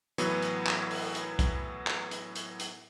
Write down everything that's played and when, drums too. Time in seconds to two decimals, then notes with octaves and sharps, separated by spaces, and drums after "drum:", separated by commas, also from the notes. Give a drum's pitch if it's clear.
0.18 A2 E3 F#3 B3, drum: hi-hat
0.42 drum: hi-hat
0.67 drum: clap
0.91 drum: open hi-hat
1.15 drum: hi-hat
1.39 drum: kick, hi-hat
1.87 drum: clap
2.11 drum: hi-hat
2.35 drum: hi-hat
2.60 drum: hi-hat